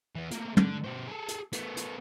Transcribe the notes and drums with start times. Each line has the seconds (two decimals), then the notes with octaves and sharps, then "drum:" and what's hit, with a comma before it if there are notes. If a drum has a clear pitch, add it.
0.16 E3 B3
0.31 A3 A#3, drum: hi-hat
0.57 D3, drum: tom
0.85 B2 C5
1.08 G#4 A4
1.28 drum: hi-hat
1.53 A3 B3, drum: hi-hat
1.77 drum: hi-hat